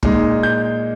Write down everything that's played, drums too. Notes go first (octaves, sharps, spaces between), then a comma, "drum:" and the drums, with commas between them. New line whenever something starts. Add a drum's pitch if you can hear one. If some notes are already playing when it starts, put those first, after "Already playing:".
A#2 G#3 D#4, drum: kick
G6